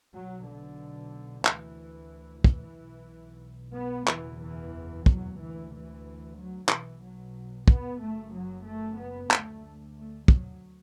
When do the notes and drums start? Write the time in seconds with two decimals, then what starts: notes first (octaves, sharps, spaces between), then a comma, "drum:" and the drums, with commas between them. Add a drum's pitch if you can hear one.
0.15 B1 B2 F#3
0.48 D3
1.45 D2 E3, drum: clap
2.44 E3, drum: kick
2.76 B1 B2
3.74 B3
4.07 F#1 E2 B2 E3, drum: clap
4.40 E3
5.06 F#3, drum: kick
5.38 D2 E3
5.71 E3
6.36 F#3
6.69 B1 B2 E3, drum: clap
7.02 F#3
7.68 B3, drum: kick
7.99 F#1 F#2 A3
8.33 F#3
8.65 A3
8.97 B3
9.31 D2 A3, drum: clap
9.97 A3
10.28 F#3, drum: kick